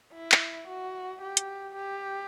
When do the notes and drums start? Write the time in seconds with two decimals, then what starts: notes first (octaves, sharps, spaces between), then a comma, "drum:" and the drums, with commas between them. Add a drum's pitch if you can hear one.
0.14 E4
0.32 drum: clap
0.68 F#4
1.21 G4
1.37 drum: hi-hat
1.75 G4